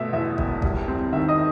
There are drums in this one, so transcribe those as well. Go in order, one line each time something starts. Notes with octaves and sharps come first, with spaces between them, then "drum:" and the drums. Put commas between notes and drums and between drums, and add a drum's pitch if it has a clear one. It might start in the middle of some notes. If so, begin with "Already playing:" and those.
Already playing: G1 B2 A3 E5
E2 E5
E1, drum: kick
G3, drum: kick
C4
D#3 E5
D#5 D#6